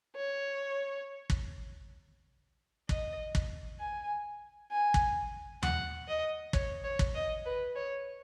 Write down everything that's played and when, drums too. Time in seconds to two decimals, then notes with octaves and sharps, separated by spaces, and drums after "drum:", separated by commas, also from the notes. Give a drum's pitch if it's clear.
0.16 C#5
1.30 drum: kick
2.89 D#5, drum: kick
3.35 drum: kick
3.80 G#5
4.72 G#5
4.94 drum: kick
5.63 F#5, drum: tom D#2
6.08 D#5
6.53 C#5, drum: kick
6.84 C#5
6.99 drum: kick
7.15 D#5
7.45 B4
7.75 C#5